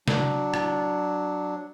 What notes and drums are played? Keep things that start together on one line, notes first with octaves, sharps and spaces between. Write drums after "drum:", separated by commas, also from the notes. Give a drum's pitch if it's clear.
F#3 D4, drum: snare
drum: rim click